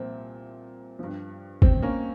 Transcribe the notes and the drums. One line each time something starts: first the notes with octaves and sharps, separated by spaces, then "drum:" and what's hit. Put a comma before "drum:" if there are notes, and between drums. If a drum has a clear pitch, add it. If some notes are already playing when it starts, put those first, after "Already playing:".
Already playing: C2 A#2 F3 C4
G2 F3
C4, drum: kick
A#3 C#4